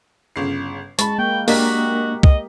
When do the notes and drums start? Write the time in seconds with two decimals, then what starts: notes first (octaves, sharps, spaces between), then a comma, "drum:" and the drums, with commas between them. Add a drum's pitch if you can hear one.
0.36 G1 C#3 C7
0.99 G#3 A5 B5 C#6, drum: hi-hat
1.19 A#3 G5
1.48 A#3 D4 F#4 G4 A#4 D#5 B6, drum: open hi-hat
2.23 D#5, drum: kick